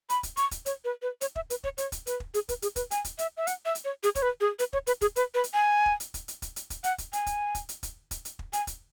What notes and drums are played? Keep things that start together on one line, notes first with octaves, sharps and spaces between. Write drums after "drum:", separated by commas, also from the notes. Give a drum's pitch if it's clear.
B5, drum: hi-hat
drum: kick, hi-hat
C#6, drum: hi-hat
drum: kick, hi-hat
C#5, drum: hi-hat
B4
B4
C#5, drum: hi-hat
E5, drum: kick
B4, drum: hi-hat
C#5, drum: kick
C#5, drum: hi-hat
drum: kick, hi-hat
B4, drum: hi-hat
drum: kick
G#4, drum: hi-hat
B4, drum: kick, hi-hat
G#4, drum: hi-hat
B4, drum: kick, hi-hat
G#5, drum: hi-hat
drum: kick, hi-hat
E5, drum: hi-hat
E5
F#5, drum: hi-hat
E5
drum: hi-hat
C#5
G#4, drum: hi-hat
C#5, drum: kick, hi-hat
B4
G#4
B4, drum: hi-hat
C#5, drum: kick
B4, drum: hi-hat
G#4, drum: kick, hi-hat
B4, drum: hi-hat
B4
drum: hi-hat
G#5
drum: kick
drum: hi-hat
drum: kick, hi-hat
drum: hi-hat
drum: kick, hi-hat
drum: hi-hat
drum: kick, hi-hat
F#5, drum: hi-hat
drum: kick, hi-hat
G#5, drum: hi-hat
drum: kick, hi-hat
drum: kick, hi-hat
drum: hi-hat
drum: kick, hi-hat
drum: kick, hi-hat
drum: hi-hat
drum: kick
G#5, drum: hi-hat
drum: kick, hi-hat